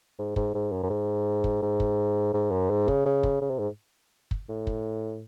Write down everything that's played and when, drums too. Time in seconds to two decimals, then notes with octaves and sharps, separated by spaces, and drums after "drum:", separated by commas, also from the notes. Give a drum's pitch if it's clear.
0.19 G#2
0.36 G#2, drum: kick
0.54 G#2
0.72 F#2
0.83 F#2
0.90 G#2
1.44 drum: kick
1.62 G#2
1.80 drum: kick
2.33 G#2
2.51 F#2
2.70 G#2
2.88 C#3, drum: kick
3.06 C#3
3.23 drum: kick
3.41 C#3
3.50 C3
3.59 G#2
4.31 drum: kick
4.49 A2
4.67 drum: kick